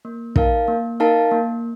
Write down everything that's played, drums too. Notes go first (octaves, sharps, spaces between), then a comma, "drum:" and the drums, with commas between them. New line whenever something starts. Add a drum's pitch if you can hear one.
A#3
D#4 A#4 F5 A5, drum: kick
A#3
D#4 A#4 F5 A5
A#3